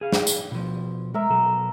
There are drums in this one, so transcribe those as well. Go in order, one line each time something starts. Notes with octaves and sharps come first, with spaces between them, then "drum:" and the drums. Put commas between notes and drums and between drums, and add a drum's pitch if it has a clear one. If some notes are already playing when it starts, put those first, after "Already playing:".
G#4 F5
drum: snare
drum: tambourine
B2 F3
G#3 A#4 E5
B2 F#3 A4